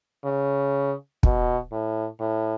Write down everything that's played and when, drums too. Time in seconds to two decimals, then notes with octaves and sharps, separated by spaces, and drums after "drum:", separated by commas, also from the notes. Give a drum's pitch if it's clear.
0.25 C#3
1.23 B2, drum: kick
1.72 A2
2.21 A2